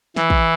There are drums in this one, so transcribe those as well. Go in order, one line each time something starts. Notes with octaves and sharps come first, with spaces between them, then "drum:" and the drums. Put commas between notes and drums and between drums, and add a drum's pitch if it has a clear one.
E3, drum: snare
drum: kick